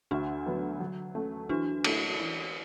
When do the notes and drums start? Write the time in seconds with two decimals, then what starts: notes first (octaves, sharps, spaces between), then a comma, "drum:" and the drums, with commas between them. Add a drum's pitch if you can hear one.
0.11 D2 D4 F#4
0.46 D3 F#3 B3
0.80 F#3
1.15 A3 C#4
1.49 E3 D4 F#4
1.84 A3 E4, drum: cymbal
2.19 E3